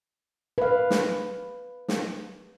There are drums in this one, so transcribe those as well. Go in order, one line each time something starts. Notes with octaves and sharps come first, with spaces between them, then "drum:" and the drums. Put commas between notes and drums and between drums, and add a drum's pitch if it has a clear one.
B4 F5
drum: snare
drum: snare